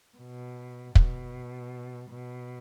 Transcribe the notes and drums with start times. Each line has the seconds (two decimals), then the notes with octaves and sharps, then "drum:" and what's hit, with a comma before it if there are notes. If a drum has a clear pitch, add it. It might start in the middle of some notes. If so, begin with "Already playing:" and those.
0.18 B2
0.95 B2, drum: kick
2.10 B2